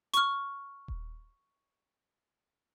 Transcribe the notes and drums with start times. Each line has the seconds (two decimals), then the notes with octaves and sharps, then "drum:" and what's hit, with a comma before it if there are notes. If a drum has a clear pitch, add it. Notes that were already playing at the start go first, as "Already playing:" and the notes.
0.14 C#6 F6, drum: hi-hat
0.88 drum: kick D#1